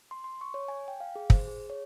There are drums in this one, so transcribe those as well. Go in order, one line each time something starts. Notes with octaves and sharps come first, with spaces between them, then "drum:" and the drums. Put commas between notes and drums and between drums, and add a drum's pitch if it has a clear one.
C6
C6
C#6
C#5
G#5
G5
F5
G#4
C5, drum: kick
G#4
C#5